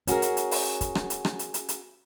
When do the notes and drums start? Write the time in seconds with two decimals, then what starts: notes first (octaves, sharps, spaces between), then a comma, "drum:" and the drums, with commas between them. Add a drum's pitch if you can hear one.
0.07 C#4 F#4 G#4 A#4, drum: hi-hat
0.22 drum: hi-hat
0.37 drum: hi-hat
0.51 drum: open hi-hat
0.81 drum: kick, hi-hat
0.95 drum: rim click
1.10 drum: hi-hat
1.25 drum: rim click
1.39 drum: hi-hat
1.54 drum: hi-hat
1.69 drum: hi-hat